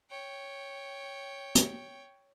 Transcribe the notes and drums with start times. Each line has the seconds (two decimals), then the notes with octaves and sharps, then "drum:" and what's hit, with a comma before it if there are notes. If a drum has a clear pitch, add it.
0.10 C#5 G5
1.55 drum: hi-hat